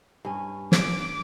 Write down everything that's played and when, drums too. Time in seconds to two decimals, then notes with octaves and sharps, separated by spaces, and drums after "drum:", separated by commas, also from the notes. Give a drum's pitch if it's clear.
0.25 G2 C#4
0.72 D6, drum: snare